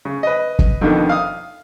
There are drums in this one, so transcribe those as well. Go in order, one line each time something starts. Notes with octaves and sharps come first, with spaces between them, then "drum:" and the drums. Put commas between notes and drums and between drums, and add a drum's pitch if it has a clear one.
C#3
B4 D#5
drum: kick
F2 B2 D3 D#3
F5 D#6